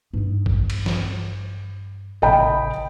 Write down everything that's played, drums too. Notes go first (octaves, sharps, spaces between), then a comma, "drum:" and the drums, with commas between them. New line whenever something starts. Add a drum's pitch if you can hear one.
G2 D#4
drum: kick A1
drum: cymbal
drum: snare
A1 C#3 D#5 G5 B5